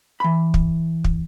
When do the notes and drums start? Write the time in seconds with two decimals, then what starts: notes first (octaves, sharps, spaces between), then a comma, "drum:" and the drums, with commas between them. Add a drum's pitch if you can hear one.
0.20 E3 B5
0.54 drum: kick
1.04 drum: kick